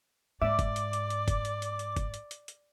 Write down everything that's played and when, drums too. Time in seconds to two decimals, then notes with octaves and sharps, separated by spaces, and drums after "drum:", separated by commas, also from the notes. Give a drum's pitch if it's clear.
0.42 G#2 D5 E5 D6
0.59 drum: kick, hi-hat
0.76 drum: hi-hat
0.93 drum: hi-hat
1.10 drum: hi-hat
1.28 drum: kick, hi-hat
1.45 drum: hi-hat
1.62 drum: hi-hat
1.79 drum: hi-hat
1.96 drum: kick, hi-hat
2.14 drum: hi-hat
2.31 drum: hi-hat
2.48 drum: hi-hat